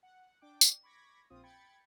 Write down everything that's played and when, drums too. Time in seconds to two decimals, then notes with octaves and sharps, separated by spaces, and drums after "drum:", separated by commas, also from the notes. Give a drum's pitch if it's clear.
0.03 F#5
0.41 D4 G5 D6
0.61 drum: tambourine
0.83 B5 C#6 D6 G#6 A#6 B6
1.30 A#1 C4 F4 D#6
1.43 G5 B5 G#6 A6 C#7